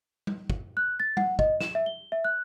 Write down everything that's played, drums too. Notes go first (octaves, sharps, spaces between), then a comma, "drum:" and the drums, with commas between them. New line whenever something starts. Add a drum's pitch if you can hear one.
drum: tom G3
drum: kick
F#6
A6
F#5, drum: tom G3
D#5, drum: kick
E7, drum: snare
E5
G7
E5
F#6